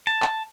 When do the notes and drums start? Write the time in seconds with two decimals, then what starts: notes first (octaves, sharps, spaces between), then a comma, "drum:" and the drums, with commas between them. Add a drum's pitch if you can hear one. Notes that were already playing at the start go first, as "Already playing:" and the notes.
0.07 A5
0.22 drum: clap